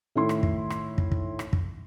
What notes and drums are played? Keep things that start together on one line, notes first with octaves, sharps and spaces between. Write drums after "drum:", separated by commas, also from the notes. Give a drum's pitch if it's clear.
A2 D#3 E4 C6
drum: rim click
drum: kick
drum: rim click
drum: kick
drum: kick
drum: rim click
drum: kick